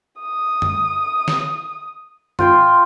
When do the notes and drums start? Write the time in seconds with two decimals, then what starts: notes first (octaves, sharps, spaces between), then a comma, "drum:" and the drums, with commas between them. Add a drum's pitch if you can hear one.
0.20 D#6
0.62 drum: tom F#2
1.28 drum: snare
2.39 F4 G5 C6, drum: tom F#2